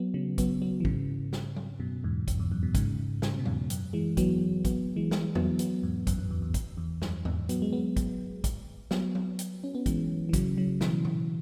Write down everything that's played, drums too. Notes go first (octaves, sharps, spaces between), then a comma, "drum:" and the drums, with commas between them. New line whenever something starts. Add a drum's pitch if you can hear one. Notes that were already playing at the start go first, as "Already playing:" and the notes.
Already playing: F#3 B3
C#3 F#3
F#3 B3, drum: kick, hi-hat
F#3 B3
E3
G#2 C#3, drum: kick
drum: snare
drum: tom F#3
F#2 B2
E2 G#2
E2, drum: kick, hi-hat
E2
F#2
F#2 B2
G#2 C#3, drum: kick, hi-hat
G#2 C#3, drum: snare
B2
E2 G#2, drum: tom F#3
F#2, drum: hi-hat
E3 G#3
F#3 B3, drum: kick, hi-hat
F#3 B3, drum: kick, hi-hat
E3 G#3
E3 G#3, drum: snare
F#3 B3, drum: tom E2
F#3 B3, drum: hi-hat
E2 G#2
F#2, drum: kick, hi-hat
F#2
E2
E2
drum: kick, hi-hat
E2
F#2, drum: snare
E2 G#2, drum: tom
F#3 B3, drum: hi-hat
G#3
F#3 B3
drum: kick, hi-hat
drum: kick, hi-hat
F#3 B3, drum: snare
drum: tom F#3
drum: hi-hat
C#4
B3
E3 G#3, drum: kick, hi-hat
E3
C#3 F#3, drum: kick, hi-hat
C#3 F#3
B2 E3, drum: snare
drum: tom A#2